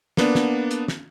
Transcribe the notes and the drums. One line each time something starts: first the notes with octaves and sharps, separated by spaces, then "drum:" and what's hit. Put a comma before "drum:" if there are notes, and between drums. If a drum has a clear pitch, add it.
A#3 B3 D4, drum: snare
drum: snare
drum: hi-hat
drum: snare